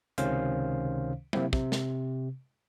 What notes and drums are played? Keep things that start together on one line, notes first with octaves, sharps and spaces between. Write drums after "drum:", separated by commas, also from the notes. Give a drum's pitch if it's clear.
C#2 C3 D#3 C#4 C5 F5, drum: hi-hat
C3 A#3 C4 E4, drum: tom
C3, drum: kick
drum: snare